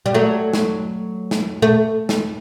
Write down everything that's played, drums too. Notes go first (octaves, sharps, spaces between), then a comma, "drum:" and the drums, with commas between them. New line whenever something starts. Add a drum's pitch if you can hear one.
G3
F#3 A3
drum: snare
drum: snare
A3
drum: snare